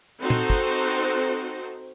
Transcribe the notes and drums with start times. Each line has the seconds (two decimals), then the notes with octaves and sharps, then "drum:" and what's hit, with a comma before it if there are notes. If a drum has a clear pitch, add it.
0.21 C4 D#4 F#4 A4 C5
0.30 drum: tom A#2
0.50 drum: kick